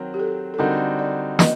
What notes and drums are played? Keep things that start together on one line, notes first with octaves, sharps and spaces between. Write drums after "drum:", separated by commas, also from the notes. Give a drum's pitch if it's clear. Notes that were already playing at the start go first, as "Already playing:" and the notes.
Already playing: D#3 F#3 C4
G4
A4
A4
D3 G3 C4 D#4 F#4 A#4
D5
D#5, drum: snare